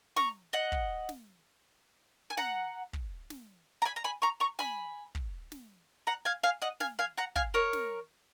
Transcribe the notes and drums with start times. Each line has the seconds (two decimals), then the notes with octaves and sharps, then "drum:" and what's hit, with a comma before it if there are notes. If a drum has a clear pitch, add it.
0.16 A#5 C#6, drum: snare
0.53 D#5 F#5
0.72 drum: kick
1.09 drum: snare
2.30 G#5
2.37 F#5 A#5, drum: snare
2.93 drum: kick
3.30 drum: snare
3.82 A#5
3.85 G#5 B5
3.96 A#5
4.04 G#5 B5
4.22 A#5 C#6
4.40 A#5 C#6
4.59 G#5 B5, drum: snare
5.15 drum: kick
5.52 drum: snare
6.07 F#5 A#5
6.25 F5 G#5
6.43 F5 G#5
6.62 D#5 F#5
6.80 F5 G#5, drum: snare
6.99 F5 G#5
7.17 F#5 A#5
7.36 F5 G#5, drum: kick
7.54 A#4 C#5
7.73 drum: snare